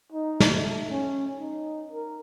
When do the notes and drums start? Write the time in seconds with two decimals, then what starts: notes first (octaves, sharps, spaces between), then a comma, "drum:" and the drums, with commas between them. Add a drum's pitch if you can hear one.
0.12 D#4
0.40 drum: snare
0.54 A3
0.90 C#4
1.39 D#4
1.92 A#4